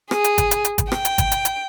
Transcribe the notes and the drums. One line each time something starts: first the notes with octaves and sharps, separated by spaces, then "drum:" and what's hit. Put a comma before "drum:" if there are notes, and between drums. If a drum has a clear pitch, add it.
G#4, drum: rim click
drum: hi-hat
drum: kick G#1, hi-hat
drum: hi-hat
drum: hi-hat
drum: kick G#1, hi-hat
G5, drum: rim click
drum: hi-hat
drum: kick G#1, hi-hat
drum: hi-hat
drum: hi-hat